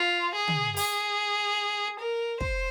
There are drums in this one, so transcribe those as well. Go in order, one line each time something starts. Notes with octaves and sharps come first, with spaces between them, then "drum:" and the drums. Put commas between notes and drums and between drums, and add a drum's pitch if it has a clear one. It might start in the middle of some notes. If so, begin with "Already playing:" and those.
Already playing: F4
G#4
drum: tom
G#4, drum: open hi-hat
A#4
C5, drum: kick